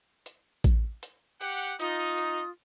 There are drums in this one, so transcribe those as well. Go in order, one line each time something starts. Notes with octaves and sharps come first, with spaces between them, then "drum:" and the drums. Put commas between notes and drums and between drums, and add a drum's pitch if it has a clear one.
drum: hi-hat
drum: kick A1, hi-hat
drum: hi-hat
G4 F#5, drum: hi-hat
D#4 F4 D#6, drum: hi-hat
drum: hi-hat